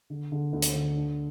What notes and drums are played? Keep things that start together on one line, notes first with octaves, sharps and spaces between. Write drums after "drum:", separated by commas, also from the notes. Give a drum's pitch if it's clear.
D3
D3
D2
drum: hi-hat
D3
D4